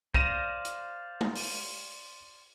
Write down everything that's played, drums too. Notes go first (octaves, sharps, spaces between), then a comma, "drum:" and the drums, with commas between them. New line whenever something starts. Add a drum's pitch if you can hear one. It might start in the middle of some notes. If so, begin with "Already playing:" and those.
C5 D5 F5 A#6 D#7 E7, drum: kick
drum: hi-hat
drum: tom G#3
drum: open hi-hat